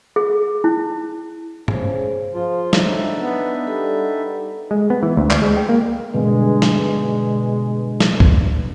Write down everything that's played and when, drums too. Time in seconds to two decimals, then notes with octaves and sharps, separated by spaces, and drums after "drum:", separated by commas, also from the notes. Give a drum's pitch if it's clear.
0.16 G#4
0.64 E4
1.68 C#3 G#4 C5, drum: tom G2
2.33 F3 F4
2.73 A2 D4 D#4 E5, drum: snare
3.20 B3
3.67 G3 A4 F#5 B5
4.12 G2
4.71 G#3
4.90 B3
5.03 E3
5.17 D2
5.31 D5, drum: clap
5.42 G#3
5.57 G5
5.69 A#3
6.13 G2 B2 D3 G#3
6.62 drum: snare
8.00 drum: snare
8.20 drum: kick